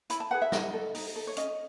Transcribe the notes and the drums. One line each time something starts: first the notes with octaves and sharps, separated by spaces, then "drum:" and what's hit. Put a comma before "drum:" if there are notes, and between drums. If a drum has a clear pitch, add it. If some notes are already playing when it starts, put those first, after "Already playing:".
E4 B5, drum: hi-hat
A5
G#4 B4 F#5
E5
D#4 D#5, drum: snare
A4
D#4, drum: open hi-hat
A4
C#5
C#4 D#5, drum: hi-hat